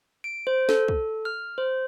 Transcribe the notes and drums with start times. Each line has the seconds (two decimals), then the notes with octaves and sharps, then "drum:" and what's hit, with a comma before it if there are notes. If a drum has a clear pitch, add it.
0.24 D7
0.47 C5
0.69 A4, drum: snare
0.88 drum: kick
1.25 F6
1.58 C5